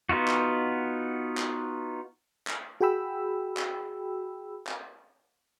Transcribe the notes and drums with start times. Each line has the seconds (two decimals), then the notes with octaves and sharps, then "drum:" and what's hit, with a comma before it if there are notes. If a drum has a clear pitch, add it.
0.09 B3 D#4 F4 F#4
0.28 drum: clap
1.37 drum: clap
2.47 drum: clap
2.81 F#4 G#4 G5 B5 E6
3.57 drum: clap
4.67 drum: clap